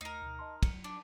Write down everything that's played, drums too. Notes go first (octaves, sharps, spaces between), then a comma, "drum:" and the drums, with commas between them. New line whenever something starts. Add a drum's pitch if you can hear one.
D#2 A3 D#4 A#4 C7
D2 B2
D#5 A5 C6
F#3 C#7, drum: kick, cymbal
D4